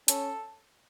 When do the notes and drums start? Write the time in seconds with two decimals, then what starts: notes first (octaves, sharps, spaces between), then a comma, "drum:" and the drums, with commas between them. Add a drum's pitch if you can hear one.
0.08 C#4 A4, drum: hi-hat